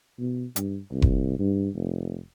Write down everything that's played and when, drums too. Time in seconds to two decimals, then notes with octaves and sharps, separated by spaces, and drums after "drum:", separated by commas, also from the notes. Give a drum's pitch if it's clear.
0.19 B2
0.56 G2, drum: hi-hat
0.91 C2
1.02 drum: kick F1
1.39 G2
1.75 F1